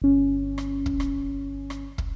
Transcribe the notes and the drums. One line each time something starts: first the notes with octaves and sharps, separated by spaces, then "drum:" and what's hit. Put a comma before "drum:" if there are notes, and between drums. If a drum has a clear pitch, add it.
G1 C#4
drum: rim click
drum: kick
drum: rim click
drum: rim click
drum: kick